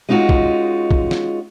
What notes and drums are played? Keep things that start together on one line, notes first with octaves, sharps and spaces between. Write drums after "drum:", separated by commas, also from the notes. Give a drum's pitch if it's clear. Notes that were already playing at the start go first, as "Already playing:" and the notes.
G#3 C#4 D#4 F4 F#4
drum: kick
drum: kick
drum: snare